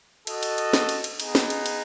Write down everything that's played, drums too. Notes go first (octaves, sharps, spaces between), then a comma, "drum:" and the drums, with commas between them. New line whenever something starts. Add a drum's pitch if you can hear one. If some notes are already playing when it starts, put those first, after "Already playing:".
F#4 A4 D#5, drum: cymbal
drum: cymbal
drum: cymbal
drum: snare
drum: cymbal
drum: cymbal
B3 D#4 G#4, drum: cymbal
drum: snare
drum: cymbal
drum: cymbal